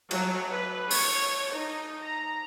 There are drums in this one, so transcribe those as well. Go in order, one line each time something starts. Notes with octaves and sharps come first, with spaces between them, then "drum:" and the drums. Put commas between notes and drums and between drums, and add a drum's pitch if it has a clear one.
F#3, drum: cymbal
B4
C#5, drum: open hi-hat
D#4
A#5